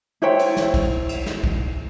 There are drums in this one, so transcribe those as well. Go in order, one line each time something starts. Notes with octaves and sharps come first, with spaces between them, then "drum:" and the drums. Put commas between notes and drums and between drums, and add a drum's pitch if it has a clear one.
E4 C5 C#5 G5
drum: cymbal
drum: snare
drum: kick A#1, cymbal
drum: cymbal
drum: snare
drum: kick A#1